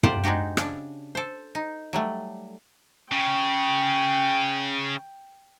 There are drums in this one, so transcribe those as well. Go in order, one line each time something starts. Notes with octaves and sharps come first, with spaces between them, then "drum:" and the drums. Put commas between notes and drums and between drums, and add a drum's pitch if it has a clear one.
C3 F4 G4 C5 D5 F#5, drum: tom
G#3 D4 D#4 F#4 G4
C#3 D4, drum: rim click
A4 C5
D#4
F#3 G3 A3
C#3 G5